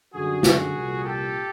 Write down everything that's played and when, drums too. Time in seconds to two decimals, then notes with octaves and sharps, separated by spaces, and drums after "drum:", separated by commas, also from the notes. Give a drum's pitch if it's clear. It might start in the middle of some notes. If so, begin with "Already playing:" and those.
0.13 F#2 D3 G3 F#4 G#4
0.43 F#4 G#4, drum: snare
0.73 C2 A#2 F3
1.03 G4 A4